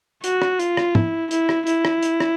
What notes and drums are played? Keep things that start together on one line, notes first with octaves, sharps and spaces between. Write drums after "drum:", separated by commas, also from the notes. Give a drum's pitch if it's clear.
F#4, drum: hi-hat
drum: rim click
F4, drum: hi-hat
drum: rim click
E4, drum: tom
E4, drum: hi-hat
drum: rim click
E4, drum: hi-hat
drum: rim click
drum: hi-hat
drum: rim click